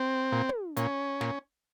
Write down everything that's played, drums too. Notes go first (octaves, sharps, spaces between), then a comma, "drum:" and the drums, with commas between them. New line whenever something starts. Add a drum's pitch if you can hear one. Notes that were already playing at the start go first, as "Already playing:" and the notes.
Already playing: C4
A#2
drum: tom
A#2 C#4, drum: hi-hat
A#2, drum: snare